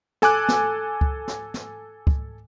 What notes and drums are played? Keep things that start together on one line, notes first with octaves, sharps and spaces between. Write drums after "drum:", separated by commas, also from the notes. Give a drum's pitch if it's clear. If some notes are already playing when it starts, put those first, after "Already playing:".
A4 G#5 D6 F#6, drum: snare
drum: snare
drum: kick C#2
drum: snare
drum: snare
drum: kick C#2